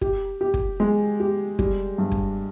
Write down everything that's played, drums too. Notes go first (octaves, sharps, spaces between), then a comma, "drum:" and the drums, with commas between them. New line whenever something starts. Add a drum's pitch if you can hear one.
G4, drum: kick
G4
drum: kick
G#3
G4
G3, drum: kick
G2
drum: kick